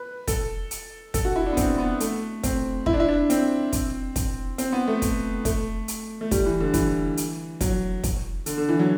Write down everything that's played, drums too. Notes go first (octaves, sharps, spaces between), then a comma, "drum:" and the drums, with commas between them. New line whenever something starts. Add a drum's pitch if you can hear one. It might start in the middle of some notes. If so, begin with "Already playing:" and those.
Already playing: B4
A4, drum: kick, hi-hat
drum: hi-hat
A4, drum: kick, hi-hat
F#4
E4
D4
B3
C4, drum: kick, hi-hat
B3
A3, drum: hi-hat
C4, drum: kick, hi-hat
E4, drum: kick
D4
E4
D4
C4, drum: hi-hat
drum: kick, hi-hat
drum: kick, hi-hat
C4, drum: hi-hat
B3
A3
drum: kick, hi-hat
A3, drum: kick, hi-hat
drum: hi-hat
A3
G3, drum: kick, hi-hat
E3
D3
E3, drum: kick, hi-hat
drum: hi-hat
F#3, drum: kick, hi-hat
drum: kick, hi-hat
D3, drum: hi-hat
D3
E3
F#3